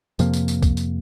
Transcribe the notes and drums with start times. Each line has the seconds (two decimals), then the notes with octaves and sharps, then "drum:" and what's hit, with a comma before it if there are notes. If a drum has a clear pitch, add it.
0.19 F2 C3 F3 A#3, drum: tambourine
0.33 drum: tambourine
0.48 drum: tambourine
0.62 drum: kick, tambourine
0.77 drum: tambourine